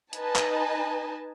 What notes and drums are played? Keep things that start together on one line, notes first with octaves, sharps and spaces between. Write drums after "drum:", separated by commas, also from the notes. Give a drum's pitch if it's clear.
D#4 B4 D#5 G#5 A5, drum: hi-hat
drum: clap